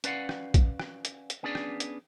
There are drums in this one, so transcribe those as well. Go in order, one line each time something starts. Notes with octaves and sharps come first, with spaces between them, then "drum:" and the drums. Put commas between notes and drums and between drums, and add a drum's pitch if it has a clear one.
C#4 B4 D5 F5 F#5, drum: hi-hat
drum: rim click
drum: kick A#1, hi-hat
drum: rim click
drum: hi-hat
drum: hi-hat
B3 C#4 D4 G#4 D5
drum: rim click
drum: hi-hat